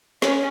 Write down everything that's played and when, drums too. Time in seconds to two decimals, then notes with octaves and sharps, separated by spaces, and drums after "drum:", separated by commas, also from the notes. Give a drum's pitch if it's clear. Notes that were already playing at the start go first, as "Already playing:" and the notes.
0.22 C#4, drum: snare